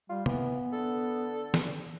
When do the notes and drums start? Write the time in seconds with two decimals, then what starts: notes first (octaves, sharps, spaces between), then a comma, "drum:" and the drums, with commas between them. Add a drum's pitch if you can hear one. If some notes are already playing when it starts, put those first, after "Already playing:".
0.10 G3 F4
0.26 E3 B3, drum: tom
0.73 D3 A4
1.54 drum: snare